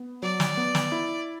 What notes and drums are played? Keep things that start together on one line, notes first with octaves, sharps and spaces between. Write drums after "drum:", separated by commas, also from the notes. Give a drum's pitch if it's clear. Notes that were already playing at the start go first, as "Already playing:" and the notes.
Already playing: B3
F#3 D5
drum: snare
B3
drum: snare
E4